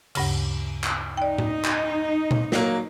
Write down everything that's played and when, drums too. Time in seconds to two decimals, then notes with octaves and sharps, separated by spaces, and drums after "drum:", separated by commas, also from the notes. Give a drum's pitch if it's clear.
0.15 D2 G2 C#3, drum: cymbal
0.84 drum: clap
1.17 D#4 D5 G5
1.38 drum: tom A2
1.65 drum: clap
2.31 drum: tom A#2
2.52 F#3 A#3, drum: snare